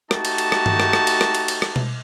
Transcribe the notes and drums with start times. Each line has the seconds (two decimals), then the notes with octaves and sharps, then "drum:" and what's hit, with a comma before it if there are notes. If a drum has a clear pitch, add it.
0.11 A3 D#4 F#4 G4 A5, drum: rim click
0.25 drum: cymbal
0.38 drum: cymbal
0.52 drum: rim click
0.66 drum: tom G2
0.80 drum: rim click
0.93 drum: rim click
1.07 drum: cymbal
1.21 drum: rim click
1.35 drum: cymbal
1.48 drum: cymbal
1.62 drum: rim click
1.76 drum: tom B2